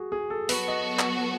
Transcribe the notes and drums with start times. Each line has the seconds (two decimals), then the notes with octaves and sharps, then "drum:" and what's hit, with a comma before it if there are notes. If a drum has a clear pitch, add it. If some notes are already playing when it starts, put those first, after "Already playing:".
Already playing: F#4 G#4
0.12 G#4
0.30 A4
0.49 F#3 B3 F#4 A4 B4, drum: open hi-hat
0.68 D#5
0.99 drum: clap